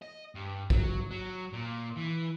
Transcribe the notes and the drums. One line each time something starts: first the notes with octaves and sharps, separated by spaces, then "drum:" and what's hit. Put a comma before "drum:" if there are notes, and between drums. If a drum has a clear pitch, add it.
D#5
G2
F#3, drum: kick
F#3
A#2
E3